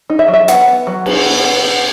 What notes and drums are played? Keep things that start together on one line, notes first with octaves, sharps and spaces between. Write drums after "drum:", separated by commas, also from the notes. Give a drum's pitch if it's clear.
D#4
E5
F#3
E5
B3 F#5, drum: hi-hat
B3
F#3
B3, drum: cymbal
B3
B3
B3